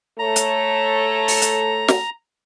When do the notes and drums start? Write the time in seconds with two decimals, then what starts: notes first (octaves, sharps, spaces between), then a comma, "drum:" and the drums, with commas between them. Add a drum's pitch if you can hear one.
0.19 A3 A4 C#5 A#5
0.36 drum: hi-hat
1.28 drum: open hi-hat
1.42 drum: hi-hat
1.88 drum: snare